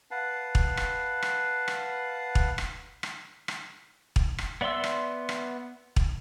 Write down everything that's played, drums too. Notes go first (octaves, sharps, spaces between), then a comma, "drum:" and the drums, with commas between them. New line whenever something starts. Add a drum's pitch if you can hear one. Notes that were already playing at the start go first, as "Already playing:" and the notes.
B4 F5 F#5 A5
drum: kick
drum: rim click
drum: rim click
drum: rim click
drum: kick
drum: rim click
drum: rim click
drum: rim click
drum: kick
drum: rim click
B3 D5 E5 C6 E6
drum: rim click
drum: rim click
drum: kick